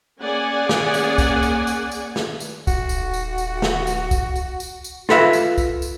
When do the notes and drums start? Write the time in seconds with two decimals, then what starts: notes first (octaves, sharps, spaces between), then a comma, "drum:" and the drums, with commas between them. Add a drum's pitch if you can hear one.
0.21 A#3 C#4 G#4 D5 F#5 G#5
0.69 drum: snare
0.94 drum: tambourine
1.18 drum: kick, tambourine
1.43 drum: tambourine
1.67 drum: tambourine
1.91 drum: tambourine
2.16 drum: snare
2.40 drum: tambourine
2.67 D#1 F#4, drum: kick, tambourine
2.89 drum: tambourine
3.14 drum: tambourine
3.38 drum: tambourine
3.62 drum: snare
3.87 drum: tambourine
4.11 drum: kick, tambourine
4.36 drum: tambourine
4.60 drum: tambourine
4.84 drum: tambourine
5.09 F4 A4 B4 E5 F5, drum: snare
5.33 drum: tambourine
5.58 drum: kick, tambourine
5.82 drum: tambourine